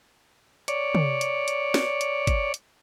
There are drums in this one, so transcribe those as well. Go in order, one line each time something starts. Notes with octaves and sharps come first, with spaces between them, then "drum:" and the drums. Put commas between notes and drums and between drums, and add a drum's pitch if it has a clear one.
C#5 D5, drum: hi-hat
drum: tom
drum: hi-hat
drum: hi-hat
drum: snare
drum: hi-hat
drum: kick, hi-hat
drum: hi-hat